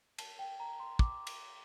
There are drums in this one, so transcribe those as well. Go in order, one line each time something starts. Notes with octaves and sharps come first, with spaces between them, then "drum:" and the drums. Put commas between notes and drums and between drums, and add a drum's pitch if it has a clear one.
A5, drum: cymbal
G5
A#5
C6
D6, drum: kick
drum: cymbal